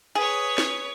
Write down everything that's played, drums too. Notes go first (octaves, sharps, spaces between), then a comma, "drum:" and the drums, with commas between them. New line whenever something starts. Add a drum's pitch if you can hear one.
G#4 B4 C#5
drum: snare